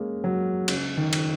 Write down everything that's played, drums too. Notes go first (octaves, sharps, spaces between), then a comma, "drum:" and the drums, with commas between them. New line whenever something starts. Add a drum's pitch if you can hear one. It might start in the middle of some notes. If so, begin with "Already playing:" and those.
Already playing: G#3 A#3 C#4
F#3
C#3, drum: cymbal
D#3
drum: cymbal